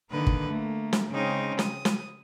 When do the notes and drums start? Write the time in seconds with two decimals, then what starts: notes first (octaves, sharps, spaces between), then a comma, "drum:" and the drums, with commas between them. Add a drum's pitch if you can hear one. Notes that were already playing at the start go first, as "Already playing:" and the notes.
0.10 D3 D#3 A#3 B4
0.27 drum: kick
0.48 A3 A#3
0.93 drum: snare
1.09 C#3 G#3 C4 C#4 D#4
1.59 D#6, drum: snare
1.85 drum: snare